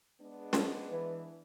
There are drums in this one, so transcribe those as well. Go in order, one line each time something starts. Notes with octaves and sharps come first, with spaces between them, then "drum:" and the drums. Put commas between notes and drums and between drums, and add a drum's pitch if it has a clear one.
G#3 B3 D4
drum: snare
E3